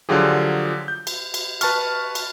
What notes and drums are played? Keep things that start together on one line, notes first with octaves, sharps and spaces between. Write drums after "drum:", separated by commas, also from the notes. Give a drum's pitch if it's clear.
D3 F3 F#3 F4 G4 G#4
G6
drum: cymbal
drum: cymbal
B4 A5 C#6 F6, drum: cymbal
drum: cymbal